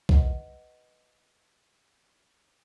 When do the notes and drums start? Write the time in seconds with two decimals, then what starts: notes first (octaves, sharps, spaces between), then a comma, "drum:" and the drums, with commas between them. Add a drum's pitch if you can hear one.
0.09 B4 D#5 F#5, drum: kick B1